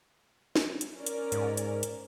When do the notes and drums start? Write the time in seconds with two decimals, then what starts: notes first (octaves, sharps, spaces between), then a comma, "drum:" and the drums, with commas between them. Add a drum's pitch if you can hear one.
0.56 drum: snare
0.81 drum: hi-hat
0.96 C#4 A#4 D5
1.06 drum: hi-hat
1.32 G#2, drum: hi-hat
1.57 drum: hi-hat
1.83 drum: hi-hat